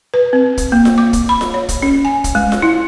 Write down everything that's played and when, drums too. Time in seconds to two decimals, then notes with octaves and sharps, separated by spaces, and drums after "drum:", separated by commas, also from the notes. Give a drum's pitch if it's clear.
0.14 B4
0.33 C4
0.57 drum: kick, hi-hat
0.72 A#3
0.85 drum: snare F4
0.98 D6
1.13 drum: kick, hi-hat
1.29 B5
1.41 drum: snare F4
1.54 C#5
1.69 drum: kick, hi-hat
1.82 C#4
2.05 G#5
2.24 drum: kick, hi-hat
2.35 G#3
2.52 drum: snare F4
2.62 E4